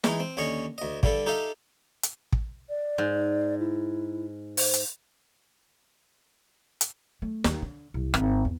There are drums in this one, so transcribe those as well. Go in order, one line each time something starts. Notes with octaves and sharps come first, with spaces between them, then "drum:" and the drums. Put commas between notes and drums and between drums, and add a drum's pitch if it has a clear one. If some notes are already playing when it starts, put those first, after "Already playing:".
E3 G#3 D#4, drum: snare
C4
D#2 D3 C#4 D#5 C#6
D2 D#5
G2 D3 G3 A4, drum: kick
D#4 G4 A4 E5 F5
drum: hi-hat
drum: kick
D5
G#2
E4
C5, drum: open hi-hat
drum: hi-hat
drum: hi-hat
A3
D#2, drum: snare
D3
C2
G#1, drum: rim click
E2